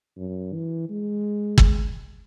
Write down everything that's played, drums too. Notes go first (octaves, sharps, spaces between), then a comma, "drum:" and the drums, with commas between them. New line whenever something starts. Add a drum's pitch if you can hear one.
F#2
E3
G#3
drum: kick